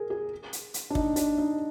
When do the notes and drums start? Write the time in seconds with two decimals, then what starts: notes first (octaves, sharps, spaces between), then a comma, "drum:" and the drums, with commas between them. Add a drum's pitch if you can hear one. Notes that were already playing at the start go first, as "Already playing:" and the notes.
Already playing: G#4 A#4
0.10 G#4
0.53 drum: hi-hat
0.74 drum: hi-hat
0.90 D4
0.95 D#4, drum: kick
1.16 D4, drum: hi-hat
1.38 D#4